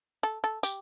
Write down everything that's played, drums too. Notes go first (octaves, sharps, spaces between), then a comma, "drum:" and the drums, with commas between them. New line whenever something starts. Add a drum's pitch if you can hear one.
A4
A4
G4, drum: tambourine